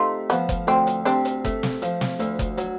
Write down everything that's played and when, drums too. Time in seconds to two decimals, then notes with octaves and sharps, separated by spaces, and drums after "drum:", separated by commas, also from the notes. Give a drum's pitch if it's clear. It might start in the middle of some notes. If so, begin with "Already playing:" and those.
Already playing: C3 A3 D#4 F4
0.30 F3 B3, drum: hi-hat
0.49 drum: kick F#1, hi-hat
0.67 D2 C4, drum: hi-hat
0.87 drum: hi-hat
1.05 C3 C4 D4, drum: hi-hat
1.25 drum: hi-hat
1.45 A3, drum: kick F#1, hi-hat
1.63 drum: snare
1.82 F3, drum: hi-hat
2.01 drum: snare
2.20 D2, drum: hi-hat
2.39 drum: kick F#1, hi-hat
2.58 F#3, drum: hi-hat